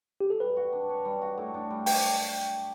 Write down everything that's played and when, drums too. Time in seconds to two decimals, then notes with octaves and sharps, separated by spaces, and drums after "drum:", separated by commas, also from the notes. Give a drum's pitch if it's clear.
0.21 G4
0.30 A4
0.40 G3 B4
0.57 F#4
0.73 D4
0.90 C#5
1.05 G3
1.22 F#4
1.38 A2
1.54 D4
1.70 G3
1.86 G4 G5, drum: open hi-hat